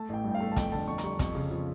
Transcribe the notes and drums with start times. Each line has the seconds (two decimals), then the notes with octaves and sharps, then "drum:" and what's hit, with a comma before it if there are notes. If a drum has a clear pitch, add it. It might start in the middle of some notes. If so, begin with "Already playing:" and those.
Already playing: A3 A5
0.09 A1 G5
0.24 G2
0.31 G5
0.35 F5
0.40 A3
0.52 A5
0.56 F2 G5, drum: kick, hi-hat
0.72 D3 A5
0.87 F2 C#6
0.98 A#5, drum: hi-hat
1.03 G3 C#6
1.19 F2 C#6, drum: kick, hi-hat
1.35 C#3
1.51 F3